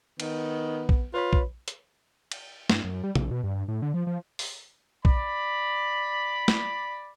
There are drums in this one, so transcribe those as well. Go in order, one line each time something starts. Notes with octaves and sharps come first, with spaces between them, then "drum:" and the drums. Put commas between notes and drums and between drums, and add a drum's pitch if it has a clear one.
D#3 B3, drum: cymbal
drum: kick A#1
F4 B4 C#5 B5
drum: kick A#1
drum: hi-hat
drum: cymbal
G2, drum: snare
F#2
G3
A#1, drum: tom
B2
G2
G2
A2
D3
F3
F3
drum: open hi-hat
D5 B5, drum: kick A#1
drum: snare